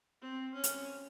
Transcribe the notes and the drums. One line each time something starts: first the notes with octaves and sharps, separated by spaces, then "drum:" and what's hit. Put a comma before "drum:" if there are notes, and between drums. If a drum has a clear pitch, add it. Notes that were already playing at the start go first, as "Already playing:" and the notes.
C4
C#4
drum: hi-hat